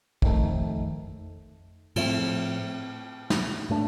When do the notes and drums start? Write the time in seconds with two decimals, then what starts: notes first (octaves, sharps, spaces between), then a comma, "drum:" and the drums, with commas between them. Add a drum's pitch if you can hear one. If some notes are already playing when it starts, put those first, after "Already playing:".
0.22 F2 D#3 A3, drum: kick
1.96 A2 F3 A3 C4, drum: cymbal
3.30 drum: snare
3.69 A2 A3 D4